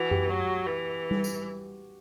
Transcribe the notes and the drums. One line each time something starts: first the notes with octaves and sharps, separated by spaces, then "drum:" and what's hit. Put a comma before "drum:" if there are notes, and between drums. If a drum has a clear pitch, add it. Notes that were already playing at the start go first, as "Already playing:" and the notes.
Already playing: E3 F#4
G4, drum: tom F#2
F#3
E3
drum: tom G3
drum: tambourine